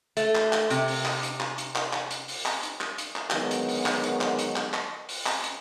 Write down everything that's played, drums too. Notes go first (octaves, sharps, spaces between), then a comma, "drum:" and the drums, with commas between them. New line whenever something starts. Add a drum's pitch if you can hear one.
A3, drum: hi-hat
drum: clap
drum: clap
C3, drum: hi-hat
drum: open hi-hat
drum: clap
drum: hi-hat
drum: clap
drum: hi-hat
drum: clap
drum: clap
drum: hi-hat
drum: open hi-hat
drum: clap
drum: hi-hat
drum: clap
drum: hi-hat
drum: clap
D3 D#3 F#3 G#3 B3, drum: clap
drum: hi-hat
drum: open hi-hat
drum: clap
drum: hi-hat
drum: clap
drum: hi-hat
drum: clap
drum: clap
drum: open hi-hat
drum: clap
drum: hi-hat